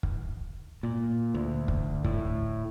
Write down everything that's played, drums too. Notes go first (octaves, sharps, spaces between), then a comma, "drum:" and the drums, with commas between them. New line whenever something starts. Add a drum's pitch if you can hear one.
drum: kick
A#2
D2
drum: kick
A2, drum: kick